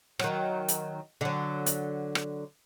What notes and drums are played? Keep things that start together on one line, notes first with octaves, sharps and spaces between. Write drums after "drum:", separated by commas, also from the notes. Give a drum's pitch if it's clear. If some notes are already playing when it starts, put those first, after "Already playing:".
D#3 F#3, drum: rim click
drum: hi-hat
D3 F#3
drum: hi-hat
drum: rim click